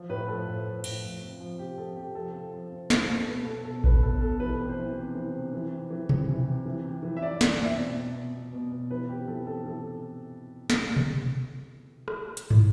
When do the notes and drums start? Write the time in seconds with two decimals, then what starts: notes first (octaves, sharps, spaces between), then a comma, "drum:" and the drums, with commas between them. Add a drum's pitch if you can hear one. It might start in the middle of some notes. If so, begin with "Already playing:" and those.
Already playing: F3
0.09 A2 B4
0.28 F3 A4
0.47 A2
0.65 F3
0.84 A2, drum: cymbal
1.02 F3
1.22 C3
1.40 F3
1.59 C3 G4
1.78 F3 A4
1.96 C3 G4
2.15 F3 A4
2.35 C3
2.53 F3
2.72 C3
2.90 F3, drum: snare
3.09 C3
3.19 A4
3.28 B2 B4
3.47 B2 A4
3.65 B2 A4
3.84 B2 B4, drum: kick A1
4.02 B2 A4
4.21 B2 A4
4.40 E3 B4
4.59 C3
4.69 C5
4.79 E3
4.96 C3
5.15 E3
5.35 C3
5.53 E3
5.72 C3
5.90 E3
6.09 C3, drum: tom B2
6.28 E3
6.46 C3
6.66 E3
6.85 C3
7.03 E3
7.17 E5
7.21 C3 D5
7.35 D5
7.41 E3, drum: snare
7.50 D5
7.60 C3 E5
7.77 B2 D5
7.96 B2
8.15 B2
8.34 B2
8.52 B2
8.72 B2
8.91 E3 B4
9.09 C3 G4
9.27 E3 A4
9.47 C3 A4
9.65 E3 A4
10.70 drum: snare
10.96 drum: tom B2
12.08 drum: rim click
12.37 drum: hi-hat
12.50 drum: tom